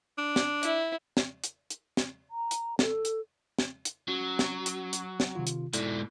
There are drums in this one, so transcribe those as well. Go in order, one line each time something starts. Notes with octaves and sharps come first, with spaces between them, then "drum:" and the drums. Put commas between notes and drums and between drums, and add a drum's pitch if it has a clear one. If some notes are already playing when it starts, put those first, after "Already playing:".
D4
drum: snare
E4, drum: hi-hat
drum: snare
drum: hi-hat
drum: hi-hat
drum: snare
A#5
drum: hi-hat
A4, drum: snare
drum: hi-hat
drum: snare
drum: hi-hat
F#3 C#4 F#4
drum: snare
drum: hi-hat
drum: hi-hat
drum: snare
C3 D#3 F4
drum: hi-hat
G#2 B2 E4 A4 D5, drum: hi-hat